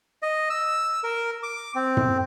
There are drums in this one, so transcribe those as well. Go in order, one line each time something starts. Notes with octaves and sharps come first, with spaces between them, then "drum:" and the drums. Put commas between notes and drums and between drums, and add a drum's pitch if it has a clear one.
D#5
E6
A#4
D6
C4
drum: tom